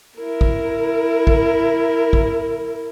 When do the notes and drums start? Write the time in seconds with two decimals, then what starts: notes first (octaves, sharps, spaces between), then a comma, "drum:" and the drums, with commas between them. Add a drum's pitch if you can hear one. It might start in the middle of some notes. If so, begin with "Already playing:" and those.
0.19 E4 A#4
0.41 drum: kick
1.27 drum: kick
2.13 drum: kick